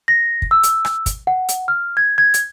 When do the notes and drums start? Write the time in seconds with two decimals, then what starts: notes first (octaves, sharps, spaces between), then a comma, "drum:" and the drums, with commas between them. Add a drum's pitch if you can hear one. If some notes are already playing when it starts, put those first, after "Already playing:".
0.08 A#6
0.42 drum: kick
0.51 E6
0.63 drum: hi-hat
0.85 drum: rim click
1.06 drum: kick, hi-hat
1.27 F#5
1.49 drum: hi-hat
1.68 F6
1.97 G#6
2.18 G#6
2.34 drum: hi-hat